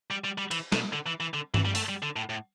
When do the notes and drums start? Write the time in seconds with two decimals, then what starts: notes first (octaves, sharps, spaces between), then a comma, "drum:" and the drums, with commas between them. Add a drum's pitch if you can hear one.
0.11 G3
0.24 G3
0.38 G3
0.51 E3, drum: cymbal
0.72 B2, drum: snare
0.93 D3
1.07 E3
1.20 E3
1.34 D3
1.54 E3, drum: tom G2
1.65 G3
1.75 A3, drum: open hi-hat
1.89 G3
2.02 D3
2.16 A2
2.29 A2